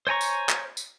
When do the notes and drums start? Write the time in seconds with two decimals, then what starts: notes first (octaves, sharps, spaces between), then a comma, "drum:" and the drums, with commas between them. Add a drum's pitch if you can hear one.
0.07 C5 C#5 G#5 A#5 C#6
0.21 drum: tambourine
0.49 drum: clap
0.77 drum: tambourine